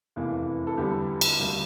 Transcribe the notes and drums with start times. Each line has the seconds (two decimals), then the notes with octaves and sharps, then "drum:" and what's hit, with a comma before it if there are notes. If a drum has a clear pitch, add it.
0.16 F1 E2 E3 A#3
0.67 A4
0.77 E2 D3 G3 G4
1.21 drum: cymbal
1.38 D2 D3 G3 A#3